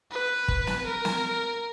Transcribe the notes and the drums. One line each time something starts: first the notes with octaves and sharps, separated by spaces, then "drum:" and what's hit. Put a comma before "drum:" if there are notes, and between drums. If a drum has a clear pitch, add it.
B4
drum: kick
drum: snare
A#4
drum: snare